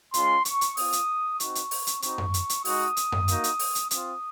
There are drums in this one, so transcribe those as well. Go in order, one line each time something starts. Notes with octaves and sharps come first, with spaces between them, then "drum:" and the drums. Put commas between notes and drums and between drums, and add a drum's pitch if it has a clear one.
G#3 C#4 F4 C6, drum: hi-hat
C#6, drum: hi-hat
drum: hi-hat
C4 F4 D#6, drum: open hi-hat
drum: hi-hat
C4 D#4 F#4 C#6, drum: hi-hat
drum: hi-hat
drum: open hi-hat
drum: hi-hat
C4 D#4 F#4 C#6, drum: hi-hat
drum: tom F#2
drum: hi-hat
drum: hi-hat
G#3 D#4 F#4 D#6, drum: open hi-hat
drum: hi-hat
drum: tom F#2
A#3 D#4 F#4, drum: hi-hat
drum: hi-hat
drum: open hi-hat
drum: hi-hat
C4 F4 D#6, drum: hi-hat